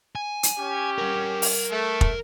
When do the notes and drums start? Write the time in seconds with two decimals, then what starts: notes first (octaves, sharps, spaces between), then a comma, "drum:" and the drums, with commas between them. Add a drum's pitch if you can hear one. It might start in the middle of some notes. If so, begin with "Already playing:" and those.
0.15 G#5
0.43 drum: hi-hat
0.57 C#4 G4
0.98 A#4 F#5
1.42 drum: open hi-hat
1.71 A3
2.01 drum: kick